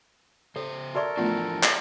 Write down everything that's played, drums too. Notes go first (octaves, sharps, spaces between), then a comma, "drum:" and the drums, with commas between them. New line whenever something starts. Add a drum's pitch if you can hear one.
C#3 A4 C5
F#4 A4 A#4 D5 E5 C6 C#6
E3 F3 A3 B3 D4 F4
drum: clap